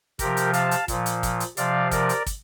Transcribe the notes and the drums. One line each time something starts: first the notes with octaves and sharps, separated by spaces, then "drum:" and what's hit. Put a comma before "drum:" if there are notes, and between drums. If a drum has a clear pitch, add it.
C3 F3 G4 A#4, drum: kick, hi-hat
drum: hi-hat
F5 A5, drum: hi-hat
drum: hi-hat
A#2 F3, drum: kick, hi-hat
drum: hi-hat
drum: kick, hi-hat
drum: hi-hat
C3 F3 D5 F5, drum: hi-hat
A#4 D5, drum: kick, hi-hat
drum: hi-hat
drum: kick, hi-hat